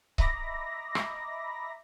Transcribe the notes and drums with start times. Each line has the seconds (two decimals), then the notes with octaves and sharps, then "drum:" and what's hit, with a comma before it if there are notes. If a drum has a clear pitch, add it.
0.18 D#5 E5 A#5 B5 D6 A#6, drum: kick C#1
0.95 drum: rim click